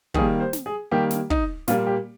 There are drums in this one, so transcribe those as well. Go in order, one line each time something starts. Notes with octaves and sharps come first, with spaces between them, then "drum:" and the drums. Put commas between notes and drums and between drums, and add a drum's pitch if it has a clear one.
D#3 G3 A#3 G#4, drum: kick
C5
drum: snare
G#4
D#3 G3 A#3 G4
drum: snare
D#4, drum: kick
A#2 G3 A#3 F4, drum: snare
G4